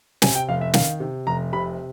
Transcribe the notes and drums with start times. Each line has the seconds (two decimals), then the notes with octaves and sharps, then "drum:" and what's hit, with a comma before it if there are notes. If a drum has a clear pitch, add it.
0.22 C3 G#5, drum: snare
0.35 G5
0.49 F1 F5
0.61 E5
0.74 D#3 F5, drum: snare
1.00 C3
1.27 F1 A#5
1.53 C3 B5